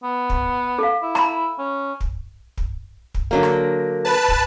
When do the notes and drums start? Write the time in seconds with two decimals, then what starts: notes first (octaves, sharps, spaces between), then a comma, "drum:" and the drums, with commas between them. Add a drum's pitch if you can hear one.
0.03 B3
0.30 drum: kick
0.79 A4 F5
1.02 E4
1.15 A#5 B5, drum: rim click
1.59 C#4
2.01 drum: kick
2.58 drum: kick
3.15 drum: kick
3.31 D3 F#3 A#3
3.43 drum: rim click
4.05 B4 A5
4.28 drum: kick